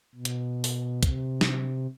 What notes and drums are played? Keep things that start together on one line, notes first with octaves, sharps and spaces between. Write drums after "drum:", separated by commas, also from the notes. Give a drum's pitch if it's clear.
B2
drum: hi-hat
drum: open hi-hat
C3, drum: kick, hi-hat
drum: snare